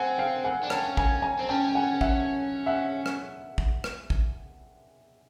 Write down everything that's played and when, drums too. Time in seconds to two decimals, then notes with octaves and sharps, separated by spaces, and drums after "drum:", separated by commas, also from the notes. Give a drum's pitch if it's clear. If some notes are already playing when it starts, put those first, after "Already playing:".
Already playing: C4 F#5 G#5
0.18 F5 G5
0.44 F#5 G#5
0.64 D4
0.70 C#4 G5 A5, drum: rim click
0.97 G#5 A#5, drum: kick
1.22 G#5 A#5
1.39 C4
1.49 C#4 G5 A5
1.68 G5
1.75 F#5 G#5
2.01 E5 F#5, drum: kick
2.66 E5 F#5
3.06 drum: rim click
3.58 drum: kick
3.84 drum: rim click
4.10 drum: kick